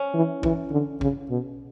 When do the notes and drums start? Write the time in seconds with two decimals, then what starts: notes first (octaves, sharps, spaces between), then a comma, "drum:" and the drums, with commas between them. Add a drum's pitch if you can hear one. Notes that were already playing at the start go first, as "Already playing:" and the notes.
Already playing: C#4
0.14 E3
0.43 E3, drum: kick
0.71 D3
1.01 C#3, drum: kick
1.30 B2